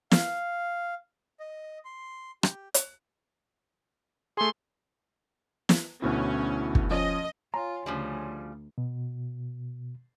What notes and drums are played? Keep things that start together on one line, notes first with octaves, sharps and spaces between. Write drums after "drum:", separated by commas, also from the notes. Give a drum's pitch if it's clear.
F5, drum: snare
D#5
C6
G4, drum: rim click
drum: hi-hat
A3 G#4 C6
drum: snare
D2 B2 C#4 E4
drum: kick
F3 C#4 D#5
F4 C#5 G#5 A#5 C6
D2 C#3 F3 G3
B2